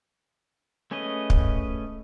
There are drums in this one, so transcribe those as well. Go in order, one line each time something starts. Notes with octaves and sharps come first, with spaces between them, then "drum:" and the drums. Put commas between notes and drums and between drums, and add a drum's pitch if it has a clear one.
A3 C#4 G#4 B4 D#5
drum: kick